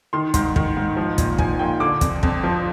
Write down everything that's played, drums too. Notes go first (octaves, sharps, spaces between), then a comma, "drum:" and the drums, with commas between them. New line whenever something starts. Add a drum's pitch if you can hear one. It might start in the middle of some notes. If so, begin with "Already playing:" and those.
D#3 C6
G#2 C6, drum: kick, hi-hat
D#3, drum: kick
G#2
F3
A#2, drum: kick, hi-hat
F3 G#5, drum: kick
A#2 G5
D3 D6
F2, drum: kick, hi-hat
F2, drum: kick
F3